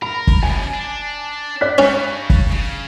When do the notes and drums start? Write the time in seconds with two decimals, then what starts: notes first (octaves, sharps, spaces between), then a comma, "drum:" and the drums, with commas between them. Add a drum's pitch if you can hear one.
0.02 A#4 B5
0.27 drum: kick F#1
0.43 F#2 B2 G#5
0.74 D4
1.61 D5 F#6 B6
1.78 G2 C#4 C#6
2.30 drum: kick F#1
2.51 C#3